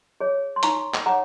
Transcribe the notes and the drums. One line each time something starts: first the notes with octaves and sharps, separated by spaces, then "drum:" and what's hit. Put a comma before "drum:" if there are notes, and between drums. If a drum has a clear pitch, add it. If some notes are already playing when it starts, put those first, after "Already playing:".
G#4 C#5
C6
D#4 A#5 C#6, drum: hi-hat
drum: clap
G#4 C#5 F#5 A#5